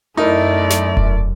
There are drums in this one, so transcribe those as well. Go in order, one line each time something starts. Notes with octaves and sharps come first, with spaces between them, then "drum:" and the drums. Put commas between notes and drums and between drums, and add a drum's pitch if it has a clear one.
F#2 A3 D#4 E4 A#4 D5 E5
drum: snare
drum: kick E1